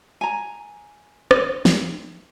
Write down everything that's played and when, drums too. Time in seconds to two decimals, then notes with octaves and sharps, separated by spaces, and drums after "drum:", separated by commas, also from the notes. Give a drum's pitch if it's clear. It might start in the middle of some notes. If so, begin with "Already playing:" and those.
0.21 G#5 A#5
1.31 drum: rim click
1.65 drum: snare